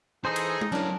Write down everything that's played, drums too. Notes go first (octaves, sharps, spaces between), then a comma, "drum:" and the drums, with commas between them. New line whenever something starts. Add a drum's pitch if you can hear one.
E3 D#4 G#4 A4 C5 G#5
drum: cymbal
drum: tom G#3
F#3 C#4 D4 E4 A#4